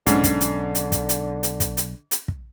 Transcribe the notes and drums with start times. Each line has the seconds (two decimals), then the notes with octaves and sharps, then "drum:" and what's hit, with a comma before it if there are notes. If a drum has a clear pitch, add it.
0.07 B1 G#2 D3 C#4 D4, drum: hi-hat
0.24 drum: kick, hi-hat
0.41 drum: hi-hat
0.75 drum: hi-hat
0.92 drum: kick, hi-hat
1.09 drum: hi-hat
1.43 drum: hi-hat
1.60 drum: kick, hi-hat
1.77 drum: hi-hat
2.11 drum: hi-hat
2.28 drum: kick